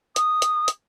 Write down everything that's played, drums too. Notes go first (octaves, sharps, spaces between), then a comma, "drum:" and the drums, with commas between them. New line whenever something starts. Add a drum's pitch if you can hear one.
D#6, drum: hi-hat
drum: hi-hat
drum: hi-hat